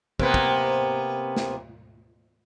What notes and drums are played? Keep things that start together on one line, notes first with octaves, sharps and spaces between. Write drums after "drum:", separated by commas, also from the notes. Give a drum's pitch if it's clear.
C3 A#3 B3, drum: kick
drum: kick
drum: snare